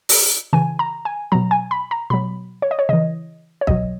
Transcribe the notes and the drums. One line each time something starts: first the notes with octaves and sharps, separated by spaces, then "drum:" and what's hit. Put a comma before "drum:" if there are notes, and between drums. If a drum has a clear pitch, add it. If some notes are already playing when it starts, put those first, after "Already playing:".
drum: open hi-hat
C#3 E3 G#5
A#5
G#5
B2 F#3 A#5
G#5
B5
A#5
B2 F#3 B5
C#5
D#5
C#5
C#3 E3 D#5
C#5
B2 F#3 D#5, drum: kick